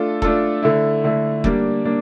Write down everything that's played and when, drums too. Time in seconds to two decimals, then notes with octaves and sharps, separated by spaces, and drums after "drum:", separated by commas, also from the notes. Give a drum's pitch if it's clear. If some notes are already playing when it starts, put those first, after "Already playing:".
Already playing: A3 D4 F4 A4
0.22 A3 D4 F4 A4, drum: kick F1
0.63 D3 A3 E4
1.04 D3 A3 E4
1.44 G3 A#3 D4, drum: kick F1
1.85 A#3 D4